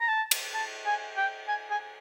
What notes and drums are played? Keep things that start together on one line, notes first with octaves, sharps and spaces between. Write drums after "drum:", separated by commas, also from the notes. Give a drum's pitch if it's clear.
A#5
A5
drum: cymbal
A5
G#5
G5
G#5
G#5